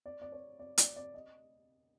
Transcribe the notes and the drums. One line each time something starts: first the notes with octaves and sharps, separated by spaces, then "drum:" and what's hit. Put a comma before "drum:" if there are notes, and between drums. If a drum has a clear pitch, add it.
D5
D5
C#5
D5
D5, drum: hi-hat
D5
D#5